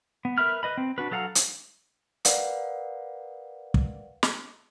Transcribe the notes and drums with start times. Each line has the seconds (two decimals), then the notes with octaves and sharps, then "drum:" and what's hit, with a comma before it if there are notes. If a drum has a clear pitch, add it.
0.25 B3
0.38 A#4 B4 E5 B5 F6
0.63 B4 D#5 B5
0.78 C4
0.98 D4 F#4 B4
1.11 F#3 A4 F5 F#5 A#5
1.35 drum: hi-hat
2.25 A#4 B4 D5 F5 F#5 C7, drum: hi-hat
3.74 drum: kick
4.23 drum: snare